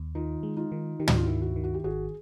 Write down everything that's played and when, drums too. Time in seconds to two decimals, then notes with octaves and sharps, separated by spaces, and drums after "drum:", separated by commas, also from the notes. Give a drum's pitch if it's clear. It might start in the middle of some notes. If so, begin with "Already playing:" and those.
Already playing: D#2
0.15 D#3 D#4 F4
0.43 G#3
0.57 D#4 F4
0.72 D#3
1.00 D#3 G4
1.08 F#4, drum: tom
1.16 F4
1.23 D#3 E4 F#4
1.42 E4 F#4
1.56 D#3
1.64 F#4
1.74 G4
1.84 G#1 F#4 G#4